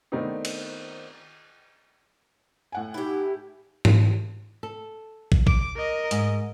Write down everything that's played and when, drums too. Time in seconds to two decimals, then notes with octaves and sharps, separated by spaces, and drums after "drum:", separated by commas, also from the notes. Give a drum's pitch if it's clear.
0.12 D#3 A3 B3 C4 D4 D#4
0.45 drum: cymbal
2.72 A2 F#5 G#5
2.94 D#4 E4 G4
3.85 drum: tom G#2
4.63 A4
5.32 drum: kick
5.47 D6, drum: kick
5.77 A#4 D#5
6.11 G#2, drum: hi-hat